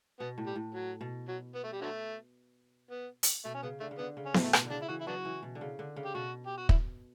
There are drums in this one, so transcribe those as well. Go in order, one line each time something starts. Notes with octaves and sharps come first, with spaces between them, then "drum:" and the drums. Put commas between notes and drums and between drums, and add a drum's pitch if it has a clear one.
B2 B3
A2
G3
A2
F#3
B2
F#3
B3
A3
G3
D3 F#3 A3
B3
drum: hi-hat
B2 A3
C#4
C#3 B3
D3 A3
C#3
D3 B3
C#3
C#4
A2, drum: snare
A3
B2 B3, drum: rim click
D3
C#3 D4
E4
E3 F#4
E4
F#3 B3 D4 F#4
E3
B2
D3
C#3
D3
C#3
G4
B2 F#4
G4
F#4
E4, drum: kick